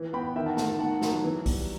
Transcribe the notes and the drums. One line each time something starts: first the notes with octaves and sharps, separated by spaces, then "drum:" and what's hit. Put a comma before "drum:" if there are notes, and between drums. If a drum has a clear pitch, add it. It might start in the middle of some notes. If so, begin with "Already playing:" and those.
Already playing: E3
B3 G5 B5
D#3 E5 G5
F#5 A5
A3 F#5 A5, drum: snare
D#3 F#5 A5
F#3, drum: snare
E3
G3, drum: kick, open hi-hat